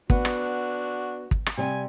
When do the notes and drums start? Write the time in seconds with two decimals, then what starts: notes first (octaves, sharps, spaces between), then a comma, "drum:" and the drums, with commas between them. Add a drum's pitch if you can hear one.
0.10 B3 D4 F#4, drum: kick
0.25 drum: rim click
1.31 drum: kick
1.46 drum: rim click
1.58 C3 G3 G#5